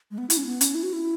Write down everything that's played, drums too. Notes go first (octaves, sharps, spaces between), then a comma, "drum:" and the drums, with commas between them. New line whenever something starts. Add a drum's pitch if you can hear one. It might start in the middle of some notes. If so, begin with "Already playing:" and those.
G#3
B3
E4, drum: hi-hat
C#4
B3
C#4, drum: hi-hat
E4
F#4
E4